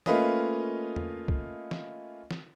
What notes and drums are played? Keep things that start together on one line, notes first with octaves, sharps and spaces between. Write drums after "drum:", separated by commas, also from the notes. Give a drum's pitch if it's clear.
A3 A#3 C#4 F4 B4 D#5, drum: snare
drum: tom
drum: kick
drum: snare
drum: snare